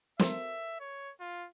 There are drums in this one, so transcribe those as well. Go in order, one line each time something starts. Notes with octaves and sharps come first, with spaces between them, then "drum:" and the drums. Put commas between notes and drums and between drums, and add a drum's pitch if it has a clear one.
A4 A#4 C5 E5, drum: snare
C#5
F4